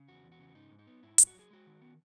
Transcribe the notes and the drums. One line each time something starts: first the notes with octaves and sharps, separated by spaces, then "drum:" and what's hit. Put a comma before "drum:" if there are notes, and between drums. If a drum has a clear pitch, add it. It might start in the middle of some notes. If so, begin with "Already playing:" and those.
Already playing: C#3
E2 F#4
E2
F#4
C#3
G#2 D#4
G#2
D#4
B3
G#2 E4
G#2, drum: hi-hat
F#4
F#3 G#4
G#3 F#4
D#3
B3